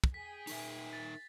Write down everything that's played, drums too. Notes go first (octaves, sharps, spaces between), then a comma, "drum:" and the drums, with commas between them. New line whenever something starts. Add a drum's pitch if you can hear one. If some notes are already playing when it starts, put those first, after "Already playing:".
drum: kick
G#4 G5 G#5 B6
D#4 A#4 E5, drum: open hi-hat
A6